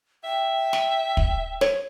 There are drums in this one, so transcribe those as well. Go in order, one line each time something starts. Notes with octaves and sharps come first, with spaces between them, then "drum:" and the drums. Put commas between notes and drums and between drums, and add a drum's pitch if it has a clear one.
E5 G5
drum: snare
drum: kick
C#5, drum: snare